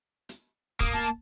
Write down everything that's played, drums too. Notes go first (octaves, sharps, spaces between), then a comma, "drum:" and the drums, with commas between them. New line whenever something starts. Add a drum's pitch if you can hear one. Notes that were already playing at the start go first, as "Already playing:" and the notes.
drum: hi-hat
A#3 D#6, drum: kick, hi-hat
A5, drum: hi-hat